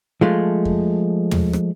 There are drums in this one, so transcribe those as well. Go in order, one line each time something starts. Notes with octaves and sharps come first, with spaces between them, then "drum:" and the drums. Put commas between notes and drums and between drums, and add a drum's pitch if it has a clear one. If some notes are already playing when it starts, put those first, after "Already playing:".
F3 G#3 A3
drum: kick F2
drum: tom
drum: rim click